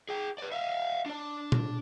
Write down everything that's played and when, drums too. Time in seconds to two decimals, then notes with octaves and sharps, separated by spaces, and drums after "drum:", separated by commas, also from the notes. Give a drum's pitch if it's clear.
0.09 G#4 G5
0.38 B4 D5
0.52 E5 F5
1.06 D4 D5
1.52 drum: tom